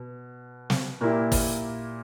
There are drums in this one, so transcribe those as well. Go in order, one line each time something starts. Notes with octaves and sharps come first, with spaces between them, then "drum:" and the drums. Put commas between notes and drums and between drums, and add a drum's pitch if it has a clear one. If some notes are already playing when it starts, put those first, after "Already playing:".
Already playing: B2
drum: snare
A#2 A#3 E4 G4
drum: kick, open hi-hat